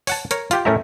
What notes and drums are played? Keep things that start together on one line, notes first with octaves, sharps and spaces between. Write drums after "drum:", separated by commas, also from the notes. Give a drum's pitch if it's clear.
C#5 F#5 A5, drum: open hi-hat
A#4 C#5, drum: hi-hat
F4 G4 G5, drum: hi-hat
A2 A3 C#4 A#4 E5 A#5